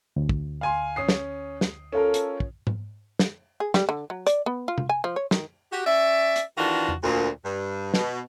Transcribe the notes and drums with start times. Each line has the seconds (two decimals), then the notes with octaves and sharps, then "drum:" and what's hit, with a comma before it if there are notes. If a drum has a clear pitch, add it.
0.16 D2
0.29 drum: kick
0.61 F5 G#5 C6
0.96 C#4 D#6 C7
1.09 drum: snare
1.61 drum: snare
1.92 C#4 F4 A4 A#4
2.14 drum: hi-hat
2.40 drum: kick
2.67 drum: tom G#2
3.19 drum: snare
3.60 G#4
3.74 G3, drum: snare
3.89 D3
4.10 F#3
4.27 D5, drum: hi-hat
4.46 B3
4.68 F4
4.78 drum: tom
4.89 G#5
5.04 F3
5.16 C#5
5.31 D#3, drum: snare
5.72 F#4 G4
5.86 C#4 D5 E5
6.36 drum: hi-hat
6.57 D#3 E3 D4 F4 F#4
6.89 drum: tom E2
7.03 D2 A#2
7.45 G2
7.94 B2, drum: snare